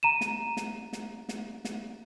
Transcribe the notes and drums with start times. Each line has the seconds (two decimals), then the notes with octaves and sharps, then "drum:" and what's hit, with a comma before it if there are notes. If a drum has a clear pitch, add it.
0.03 A#5 D#7 E7
0.21 drum: snare
0.57 drum: snare
0.93 drum: snare
1.29 drum: snare
1.65 drum: snare